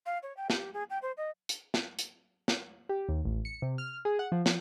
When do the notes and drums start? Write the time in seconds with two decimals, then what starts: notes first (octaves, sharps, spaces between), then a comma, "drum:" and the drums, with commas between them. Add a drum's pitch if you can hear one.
0.06 F5
0.23 C#5
0.37 G5
0.50 G4, drum: snare
0.73 G#4
0.90 G5
1.02 C5
1.17 D#5
1.49 drum: hi-hat
1.74 drum: snare
1.99 drum: hi-hat
2.48 drum: snare
2.89 G4
3.09 D#2
3.25 A1
3.45 C#7
3.62 C3
3.78 F6
4.05 G#4
4.19 F#5
4.32 F3
4.46 F3, drum: snare